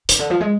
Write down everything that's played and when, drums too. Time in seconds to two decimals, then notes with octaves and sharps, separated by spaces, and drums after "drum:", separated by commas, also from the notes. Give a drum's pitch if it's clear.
0.09 C3, drum: hi-hat
0.19 D3
0.30 F3
0.40 G#3